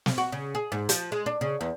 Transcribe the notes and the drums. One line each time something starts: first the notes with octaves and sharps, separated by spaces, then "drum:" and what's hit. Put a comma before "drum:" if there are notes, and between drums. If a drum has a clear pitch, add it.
drum: snare
F#4
C#3
G#4
G#2
F3, drum: hi-hat
G#3
D4
C#3
E2